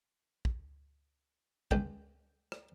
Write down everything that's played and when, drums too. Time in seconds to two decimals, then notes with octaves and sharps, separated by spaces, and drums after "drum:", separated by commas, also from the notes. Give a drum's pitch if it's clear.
0.45 drum: kick
1.71 C#2 G5, drum: kick
2.52 drum: rim click